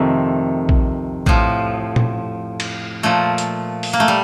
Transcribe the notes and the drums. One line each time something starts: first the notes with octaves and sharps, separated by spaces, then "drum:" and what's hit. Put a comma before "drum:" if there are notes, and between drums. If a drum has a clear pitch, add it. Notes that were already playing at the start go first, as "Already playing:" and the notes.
Already playing: F2 C3 D#3 A3
drum: kick A#1
A2 F3, drum: kick A#1
drum: tom
drum: cymbal
A#2 F3 A3
drum: hi-hat
drum: open hi-hat
A#3
A3
G3